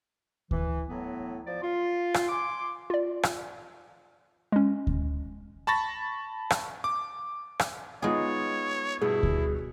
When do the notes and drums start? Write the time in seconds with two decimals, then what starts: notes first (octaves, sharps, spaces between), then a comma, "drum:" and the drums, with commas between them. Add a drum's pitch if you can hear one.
0.51 E3, drum: kick D2
0.89 A2 F#3 B3
1.46 F3 D5
1.62 F4
2.14 drum: rim click
2.29 G#5 C6 D6
2.90 F4 D5
3.23 drum: rim click
4.52 G#3 C#4
4.87 drum: kick D2
5.67 A5 B5 C#6 A6 A#6
6.50 drum: rim click
6.84 D6
7.59 drum: rim click
8.02 G#3 B3 D#4 F4 G#4 C#5
9.01 G2 B2 E4 G#4
9.23 drum: kick D2